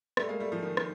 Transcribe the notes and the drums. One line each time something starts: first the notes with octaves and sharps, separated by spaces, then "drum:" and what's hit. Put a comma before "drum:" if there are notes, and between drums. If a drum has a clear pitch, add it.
G3 A3, drum: rim click
G#3 A#3
G3 A3
F3 G3
D#3
D#3, drum: rim click